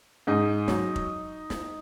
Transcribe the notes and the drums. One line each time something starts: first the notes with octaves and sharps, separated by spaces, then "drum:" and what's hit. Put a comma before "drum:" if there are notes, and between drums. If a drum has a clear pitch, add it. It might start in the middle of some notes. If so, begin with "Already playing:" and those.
G#2 D#4
F#3, drum: snare
drum: kick
drum: snare